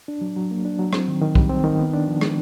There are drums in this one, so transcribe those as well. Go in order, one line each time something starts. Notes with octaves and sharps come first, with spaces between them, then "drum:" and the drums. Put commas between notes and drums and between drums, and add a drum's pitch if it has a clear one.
D4
F#3
F#3
A#3
D4
F#3
C4, drum: rim click
D#3
D#3
G3, drum: kick
C4
D#3
B3
D4
F3
G#3, drum: rim click